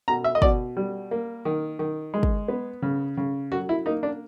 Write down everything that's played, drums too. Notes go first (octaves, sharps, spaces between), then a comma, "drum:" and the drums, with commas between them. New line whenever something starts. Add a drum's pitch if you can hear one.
B2 A#5
E5
D#5
B2 D5, drum: kick
G3
A#3
D#3
D#3
G#3
drum: kick
B3
C#3
C#3
F#3 F#4
E4
A#3 D#4
D4